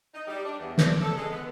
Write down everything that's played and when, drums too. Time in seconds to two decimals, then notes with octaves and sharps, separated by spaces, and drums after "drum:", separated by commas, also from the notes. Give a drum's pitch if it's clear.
0.15 D#4
0.28 G3
0.45 D4
0.60 E2
0.78 D4, drum: snare
1.02 A4
1.17 G#3
1.32 B3